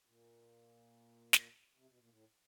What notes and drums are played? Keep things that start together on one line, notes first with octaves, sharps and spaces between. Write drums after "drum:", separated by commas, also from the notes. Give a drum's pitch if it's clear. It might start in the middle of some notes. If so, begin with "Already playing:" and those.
A#2
drum: snare
C3
B2
A#2
A2